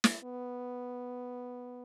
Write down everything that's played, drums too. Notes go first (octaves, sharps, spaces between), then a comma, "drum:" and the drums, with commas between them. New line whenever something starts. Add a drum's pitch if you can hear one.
drum: snare
B3